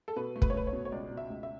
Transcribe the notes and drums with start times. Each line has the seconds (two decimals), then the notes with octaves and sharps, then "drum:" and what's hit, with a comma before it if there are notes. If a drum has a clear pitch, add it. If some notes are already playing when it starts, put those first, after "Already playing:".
0.08 A4
0.16 B2 B4
0.36 A3
0.42 B4, drum: kick
0.50 C#5
0.54 A3 B4
0.67 C#5
0.73 B2
0.85 C#5
0.92 C#2 D5
1.11 B2
1.17 E5
1.30 C#2
1.43 E5